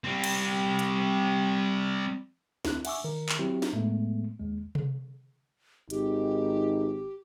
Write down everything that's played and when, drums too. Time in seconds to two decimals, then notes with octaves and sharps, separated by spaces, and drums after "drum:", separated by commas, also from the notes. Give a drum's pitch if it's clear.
0.04 G3 C4
0.24 drum: cymbal
0.79 drum: hi-hat
2.65 D2 C4 E4 F#6, drum: snare
2.85 E5 F#5 G#5 C#6 D6 E6, drum: cymbal
3.04 D#3 A#4
3.29 drum: clap
3.39 F#3 C4 E4 F#4 G4
3.62 drum: snare
3.73 A2 G#3 A3 B3
4.40 D#2 G#3
4.75 drum: tom C3
5.90 G#1 D#4 G4, drum: hi-hat